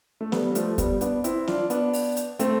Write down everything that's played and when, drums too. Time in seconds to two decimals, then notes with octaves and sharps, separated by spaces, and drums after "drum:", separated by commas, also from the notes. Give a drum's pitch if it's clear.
0.21 A3
0.32 G3 B3, drum: snare
0.51 G3
0.55 F3 A3, drum: hi-hat
0.78 G3 B3, drum: kick, hi-hat
1.01 B3 D4, drum: hi-hat
1.24 C4 E4, drum: hi-hat
1.47 D4 F4, drum: snare
1.70 B3 D4, drum: hi-hat
1.93 drum: open hi-hat
2.17 drum: hi-hat
2.39 A3 C4, drum: hi-hat